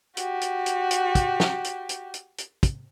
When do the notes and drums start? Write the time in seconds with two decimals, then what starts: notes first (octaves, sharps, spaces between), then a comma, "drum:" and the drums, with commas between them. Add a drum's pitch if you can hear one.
0.17 F#4 G4, drum: hi-hat
0.41 drum: hi-hat
0.66 drum: hi-hat
0.91 drum: hi-hat
1.15 drum: kick, hi-hat
1.40 drum: snare
1.64 drum: hi-hat
1.89 drum: hi-hat
2.14 drum: hi-hat
2.38 drum: hi-hat
2.63 drum: kick, hi-hat